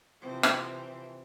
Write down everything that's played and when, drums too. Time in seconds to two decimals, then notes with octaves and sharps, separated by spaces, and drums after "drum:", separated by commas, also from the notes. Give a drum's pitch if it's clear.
0.21 C3 E3 F3 C4
0.43 drum: rim click